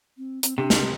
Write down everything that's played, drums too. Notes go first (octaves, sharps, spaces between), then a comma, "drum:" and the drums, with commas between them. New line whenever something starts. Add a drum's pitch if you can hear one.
C4
C4, drum: hi-hat
C3 D4
drum: snare